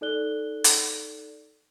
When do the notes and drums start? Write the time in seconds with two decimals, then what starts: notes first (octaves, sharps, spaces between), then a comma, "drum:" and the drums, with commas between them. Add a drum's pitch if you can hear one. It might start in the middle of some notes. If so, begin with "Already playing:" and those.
0.01 D#4 A4 D5 F#6 G7
0.64 drum: hi-hat